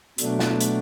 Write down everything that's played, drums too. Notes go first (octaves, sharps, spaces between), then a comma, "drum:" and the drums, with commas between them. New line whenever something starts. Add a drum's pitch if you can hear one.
B2 F#3 A3 D4, drum: hi-hat
drum: snare
drum: hi-hat